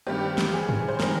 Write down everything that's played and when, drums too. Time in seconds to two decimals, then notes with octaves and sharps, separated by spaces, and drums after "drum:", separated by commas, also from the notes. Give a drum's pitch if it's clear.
0.07 G2 D#3 G3 C4 G4
0.38 drum: snare
0.53 G#4
0.69 drum: tom G2
0.88 C5
1.00 D#3 G3 C4 A#4, drum: snare